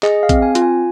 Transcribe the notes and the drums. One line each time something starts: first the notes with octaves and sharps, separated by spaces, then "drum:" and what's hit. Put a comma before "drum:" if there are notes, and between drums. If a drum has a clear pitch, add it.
G#4 D#5, drum: clap
F5
C4, drum: kick A#1, hi-hat
G#5
F4, drum: hi-hat
G#5